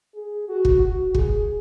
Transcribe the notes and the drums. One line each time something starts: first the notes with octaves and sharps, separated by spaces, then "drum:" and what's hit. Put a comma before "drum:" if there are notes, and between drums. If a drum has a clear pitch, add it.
G#4
F#4
drum: kick
F#4
G#4, drum: kick